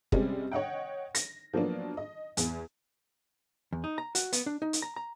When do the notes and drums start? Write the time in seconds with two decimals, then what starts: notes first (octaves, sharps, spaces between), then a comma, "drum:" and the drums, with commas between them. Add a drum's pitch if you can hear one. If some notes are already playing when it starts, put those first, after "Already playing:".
0.12 C3 G3 G#3 C4 C#4, drum: kick
0.52 C#5 D#5 F#5 G5
1.15 A#6, drum: hi-hat
1.54 F3 F#3 A#3 B3 D4
1.97 D#5
2.37 E2, drum: hi-hat
3.73 E2
3.84 D#4
3.98 A#5
4.15 F#4, drum: hi-hat
4.33 B3, drum: hi-hat
4.46 D4
4.62 D#4
4.73 drum: hi-hat
4.82 A#5
4.96 A#5